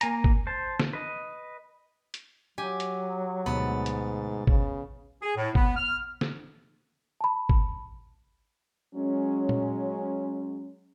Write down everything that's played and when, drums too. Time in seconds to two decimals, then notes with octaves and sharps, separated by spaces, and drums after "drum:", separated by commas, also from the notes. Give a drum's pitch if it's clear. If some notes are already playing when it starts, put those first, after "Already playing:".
0.01 A#3 G#5 A#5, drum: hi-hat
0.24 drum: kick G#1
0.47 C5 A5
0.80 drum: snare
0.93 B4 D#5
2.14 drum: hi-hat
2.58 F#3 G4 G#5
2.80 drum: hi-hat
3.46 D2 G#2 B2 B3 A6
3.86 drum: hi-hat
4.47 C#3, drum: kick G#1
5.22 G#4
5.37 A2
5.55 B3, drum: kick G#1
5.77 F6
6.21 drum: snare
7.21 A5 B5
7.49 drum: kick G#1
8.95 F#3 G#3 C#4
9.49 drum: tom A#2